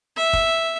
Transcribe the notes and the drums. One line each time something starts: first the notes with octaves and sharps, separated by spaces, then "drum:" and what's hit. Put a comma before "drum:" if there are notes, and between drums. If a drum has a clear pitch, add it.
E5
drum: kick